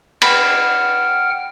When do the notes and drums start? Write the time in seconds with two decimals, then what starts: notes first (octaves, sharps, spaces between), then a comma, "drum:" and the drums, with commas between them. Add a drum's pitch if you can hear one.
0.22 F#5 G5 B5 F6, drum: cymbal